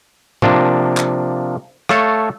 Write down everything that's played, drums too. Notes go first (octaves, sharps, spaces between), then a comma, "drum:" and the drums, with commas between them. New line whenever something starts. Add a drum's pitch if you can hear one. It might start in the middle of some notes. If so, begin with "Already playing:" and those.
C3 F3 A#3 D4, drum: tom
drum: clap
A3 A4 C#5 F5, drum: rim click